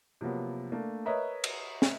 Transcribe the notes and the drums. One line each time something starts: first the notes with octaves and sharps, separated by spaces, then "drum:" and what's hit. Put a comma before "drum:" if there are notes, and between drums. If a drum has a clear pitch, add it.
C3 F3 F#3 A#3 B3
A3 A#3 D4
A#4 B4 C#5 D#5 E5 A#5
drum: cymbal
drum: snare